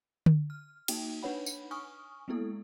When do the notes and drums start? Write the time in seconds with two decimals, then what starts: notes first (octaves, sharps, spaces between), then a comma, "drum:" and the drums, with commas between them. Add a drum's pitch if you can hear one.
0.26 drum: tom D3
0.50 F6
0.88 A#3 D#4 F#4 G5, drum: cymbal
1.23 D4 D#4 B4 C#5 F#5 B5
1.46 drum: tambourine
1.71 G#5 C#6 D#6 F6
2.28 G#3 A#3 B3 E4 A4